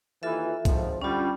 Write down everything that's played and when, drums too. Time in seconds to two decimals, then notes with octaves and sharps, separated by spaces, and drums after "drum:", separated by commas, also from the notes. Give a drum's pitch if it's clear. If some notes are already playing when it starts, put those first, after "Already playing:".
0.23 D#2 E3 F4 A4 E5
0.65 G#1 F3, drum: kick C2, hi-hat
1.02 D3 G3 C#4 F4